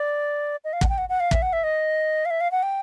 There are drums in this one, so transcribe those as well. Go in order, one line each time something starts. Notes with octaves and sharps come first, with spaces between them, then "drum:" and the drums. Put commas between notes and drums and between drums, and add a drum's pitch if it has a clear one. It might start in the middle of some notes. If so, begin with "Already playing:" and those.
Already playing: D5
D#5
F5
F#5, drum: kick
G5
F#5
F#5
F5
E5, drum: kick
F#5
E5
D#5
F5
E5
F5
F#5
G5